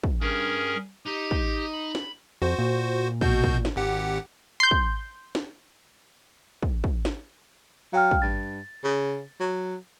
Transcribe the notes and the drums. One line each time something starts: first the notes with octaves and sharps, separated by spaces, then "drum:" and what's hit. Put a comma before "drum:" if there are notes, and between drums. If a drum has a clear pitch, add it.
drum: kick
G2 C#4 G#4 A#4
D#4 G4
drum: kick
B5
drum: snare
F2 F#4 C5
A#2
B2 F#4 G6, drum: kick
drum: kick
drum: snare
G#1 G4 F#5
C6 G6
drum: kick
drum: snare
drum: kick
drum: kick
drum: snare
F#3 F5 G5 F6
drum: kick
G2 A6
C#3
F#3